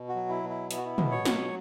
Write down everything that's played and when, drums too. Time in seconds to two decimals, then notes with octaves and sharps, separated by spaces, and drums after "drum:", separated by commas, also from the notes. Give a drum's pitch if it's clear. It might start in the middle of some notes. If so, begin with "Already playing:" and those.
Already playing: B2
0.09 F#4
0.15 F#3
0.29 E4
0.43 B2
0.49 E4
0.71 B3 E4, drum: hi-hat
0.77 F#4
0.85 E4
0.98 B2, drum: tom
1.11 C#5
1.25 F#3, drum: snare